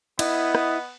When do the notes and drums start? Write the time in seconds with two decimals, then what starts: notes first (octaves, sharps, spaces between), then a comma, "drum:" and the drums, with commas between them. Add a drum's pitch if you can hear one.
0.19 B3 E4 D#5, drum: cymbal
0.55 drum: rim click